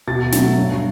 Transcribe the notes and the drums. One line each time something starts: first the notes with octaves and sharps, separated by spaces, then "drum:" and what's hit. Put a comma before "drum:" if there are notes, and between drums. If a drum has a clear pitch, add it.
B2 A6
F#3 A3, drum: snare
G2